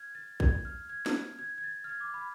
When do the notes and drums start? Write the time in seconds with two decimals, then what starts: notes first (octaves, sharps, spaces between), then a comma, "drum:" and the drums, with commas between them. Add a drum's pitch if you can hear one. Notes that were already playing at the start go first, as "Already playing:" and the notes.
Already playing: F6 G#6
0.15 A6
0.40 G#6, drum: kick
0.65 F6
0.89 G#6
1.06 drum: snare
1.39 G#6
1.58 G#6
1.64 A6
1.84 F6
1.89 G#6
2.01 D6
2.14 B5